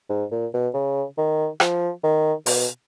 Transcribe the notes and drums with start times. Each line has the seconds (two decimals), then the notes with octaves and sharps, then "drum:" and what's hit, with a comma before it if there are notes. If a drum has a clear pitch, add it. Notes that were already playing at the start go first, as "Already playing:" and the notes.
0.10 G#2
0.31 A#2
0.54 B2
0.74 C#3
1.18 D#3
1.60 F3, drum: rim click
2.03 D#3
2.46 B2, drum: open hi-hat